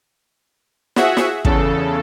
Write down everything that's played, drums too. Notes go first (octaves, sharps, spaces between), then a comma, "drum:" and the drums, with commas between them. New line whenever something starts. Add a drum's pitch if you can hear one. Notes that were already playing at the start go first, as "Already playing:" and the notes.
F#4 G#4 E5 F#5, drum: snare
drum: snare
E2 C#3 A4, drum: kick